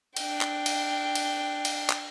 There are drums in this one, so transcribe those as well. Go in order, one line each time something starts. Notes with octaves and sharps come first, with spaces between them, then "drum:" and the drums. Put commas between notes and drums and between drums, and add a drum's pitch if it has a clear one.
D4 G5, drum: cymbal
drum: clap
drum: cymbal
drum: cymbal
drum: cymbal
drum: clap